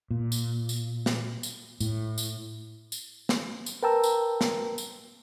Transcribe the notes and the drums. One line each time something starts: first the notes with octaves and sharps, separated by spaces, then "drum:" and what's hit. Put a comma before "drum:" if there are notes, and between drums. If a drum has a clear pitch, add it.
A#2
drum: tambourine
drum: tambourine
drum: snare
drum: tambourine
A2, drum: tambourine
drum: tambourine
drum: tambourine
drum: snare
drum: tambourine
A#4 B4 G5 A5 A#5 E6
drum: tambourine
drum: snare
drum: tambourine